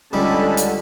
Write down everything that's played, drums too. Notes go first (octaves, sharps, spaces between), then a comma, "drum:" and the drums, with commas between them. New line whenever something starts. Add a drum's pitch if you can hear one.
C#2 D3 G3 C#4 D#4 A4 A5 B5
drum: hi-hat